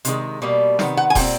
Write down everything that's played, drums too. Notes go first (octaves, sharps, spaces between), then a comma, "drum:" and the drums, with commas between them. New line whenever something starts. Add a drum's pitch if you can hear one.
C3 D#3 G#3, drum: hi-hat
B2 G3 A#3
C3 D#3 B3, drum: snare
F#5
G#5
A#2 G3 C4 G5, drum: kick D#1, open hi-hat